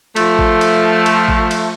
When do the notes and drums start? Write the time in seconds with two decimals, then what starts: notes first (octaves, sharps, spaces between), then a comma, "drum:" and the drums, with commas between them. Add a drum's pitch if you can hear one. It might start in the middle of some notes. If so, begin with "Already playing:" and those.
0.16 F3 A3, drum: cymbal
0.39 drum: kick A1
0.61 drum: cymbal
1.06 drum: cymbal
1.28 drum: kick A1
1.51 drum: cymbal